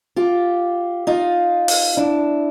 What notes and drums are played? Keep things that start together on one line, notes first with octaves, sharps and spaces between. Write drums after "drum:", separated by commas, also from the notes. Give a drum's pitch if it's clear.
F4 G4
D#4 F4
drum: open hi-hat
D4 E4